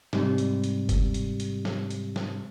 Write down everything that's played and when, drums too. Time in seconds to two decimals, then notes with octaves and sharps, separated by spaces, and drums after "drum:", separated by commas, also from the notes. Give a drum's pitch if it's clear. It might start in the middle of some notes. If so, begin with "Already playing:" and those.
0.13 G#2 C3 G3, drum: snare
0.38 drum: hi-hat
0.64 drum: hi-hat
0.89 drum: kick F#1, hi-hat
1.14 drum: hi-hat
1.40 drum: hi-hat
1.65 drum: snare
1.91 drum: hi-hat
2.16 drum: snare